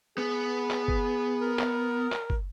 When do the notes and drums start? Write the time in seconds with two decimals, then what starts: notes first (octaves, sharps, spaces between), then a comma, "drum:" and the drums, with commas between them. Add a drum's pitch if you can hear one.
0.18 B3 G#4
0.70 drum: clap
0.88 drum: kick
1.41 A#4
1.59 drum: clap
2.12 drum: clap
2.30 drum: kick